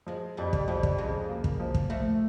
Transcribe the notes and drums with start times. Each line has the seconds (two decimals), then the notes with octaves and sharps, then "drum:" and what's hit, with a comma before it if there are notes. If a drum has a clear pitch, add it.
0.07 F3 G#3
0.37 F2 G3
0.53 drum: kick
0.68 F3 G3
0.83 drum: kick
0.98 C#3 G#3
1.29 A#3
1.44 drum: kick
1.60 F3
1.74 drum: kick
1.90 F3 A3